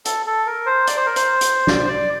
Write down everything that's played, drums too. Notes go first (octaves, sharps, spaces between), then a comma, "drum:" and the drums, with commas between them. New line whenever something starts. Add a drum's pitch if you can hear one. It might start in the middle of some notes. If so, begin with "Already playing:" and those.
A4, drum: hi-hat
A4
A#4
C5
D5, drum: hi-hat
C5
A#4
C5, drum: hi-hat
drum: hi-hat
D5, drum: snare
C5
D5